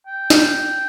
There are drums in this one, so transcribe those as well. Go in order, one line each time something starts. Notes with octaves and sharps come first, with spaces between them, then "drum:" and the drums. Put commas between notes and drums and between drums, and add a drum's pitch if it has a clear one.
G5
drum: snare